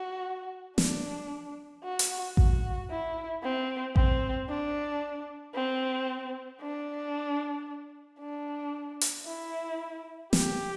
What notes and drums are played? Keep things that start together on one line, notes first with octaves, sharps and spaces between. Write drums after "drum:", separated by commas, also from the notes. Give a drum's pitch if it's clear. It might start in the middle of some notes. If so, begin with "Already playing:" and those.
Already playing: F#4
D4, drum: snare
F#4
drum: hi-hat
F#4, drum: kick A1
E4
C4
C4, drum: kick A1
D4
C4
D4
D4
drum: hi-hat
E4
G4, drum: snare